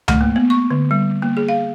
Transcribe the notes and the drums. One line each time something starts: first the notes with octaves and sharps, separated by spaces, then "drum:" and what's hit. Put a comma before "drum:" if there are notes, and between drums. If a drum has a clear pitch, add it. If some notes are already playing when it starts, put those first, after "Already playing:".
A3, drum: tom C#2
A#3
B3
C#6
D3
G3
A#3
G#4
F5